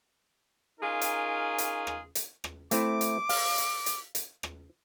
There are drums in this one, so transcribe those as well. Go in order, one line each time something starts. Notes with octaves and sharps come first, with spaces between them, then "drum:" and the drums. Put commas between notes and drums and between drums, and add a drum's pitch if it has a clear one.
C#4 D#4 F4 G#4 A#4
drum: hi-hat
drum: hi-hat
drum: rim click
drum: hi-hat
drum: rim click
A3 C4 E4 D6, drum: hi-hat
drum: hi-hat
F5, drum: open hi-hat
drum: hi-hat
drum: hi-hat
drum: hi-hat
drum: rim click